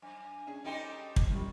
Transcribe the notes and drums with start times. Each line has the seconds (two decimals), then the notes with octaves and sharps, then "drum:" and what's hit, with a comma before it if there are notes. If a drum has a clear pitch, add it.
0.02 F#2 G#5
0.47 C#4 D4 G#4
0.64 G3 C#4 D#4 G4 A4 C5
1.16 drum: kick
1.30 F#2 F3 G3 F#4